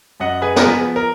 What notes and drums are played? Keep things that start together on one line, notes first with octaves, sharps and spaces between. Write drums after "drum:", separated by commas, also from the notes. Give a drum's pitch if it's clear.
F#2 D#5 F#5
G#4 B4
A#4, drum: snare
F3 B3 G#4 B4
A#4